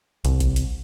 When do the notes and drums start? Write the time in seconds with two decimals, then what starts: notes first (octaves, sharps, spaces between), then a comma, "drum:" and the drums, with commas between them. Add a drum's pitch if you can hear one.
0.25 C2, drum: hi-hat
0.40 drum: kick A1, hi-hat
0.56 drum: hi-hat